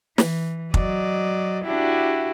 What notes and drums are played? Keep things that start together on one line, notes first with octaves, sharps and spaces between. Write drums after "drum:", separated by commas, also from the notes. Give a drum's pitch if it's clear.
E3, drum: snare
F#3 D5 D#5, drum: kick
D4 E4 F#4 G4 D5